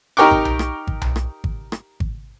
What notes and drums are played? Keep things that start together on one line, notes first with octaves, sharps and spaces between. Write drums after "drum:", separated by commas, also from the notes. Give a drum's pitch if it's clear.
D#4 G4 A#4 G5 C#6 D6
drum: kick G#1
drum: tom B1
drum: rim click
drum: kick G#1
drum: tom B1
drum: rim click
drum: kick G#1
drum: rim click
drum: kick G#1